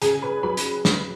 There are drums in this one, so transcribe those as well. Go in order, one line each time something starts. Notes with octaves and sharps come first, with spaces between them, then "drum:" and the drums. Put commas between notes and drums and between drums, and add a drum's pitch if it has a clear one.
C#3 G#4 G#5, drum: hi-hat
B4 B5
F#3 B4 B5
drum: hi-hat
drum: snare